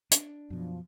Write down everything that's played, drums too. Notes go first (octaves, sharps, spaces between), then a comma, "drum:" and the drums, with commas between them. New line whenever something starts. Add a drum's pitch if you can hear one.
D4, drum: hi-hat
F#2 B2 F3